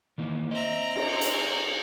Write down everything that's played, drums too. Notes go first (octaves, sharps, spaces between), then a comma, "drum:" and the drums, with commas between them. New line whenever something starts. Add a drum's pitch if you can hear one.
D#3 E3 A#3
C4 D#5 E5 A#5
drum: cymbal
drum: hi-hat